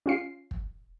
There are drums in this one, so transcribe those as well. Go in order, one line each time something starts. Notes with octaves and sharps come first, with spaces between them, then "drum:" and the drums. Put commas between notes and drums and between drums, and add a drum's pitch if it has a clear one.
C#4 F4 C7
drum: kick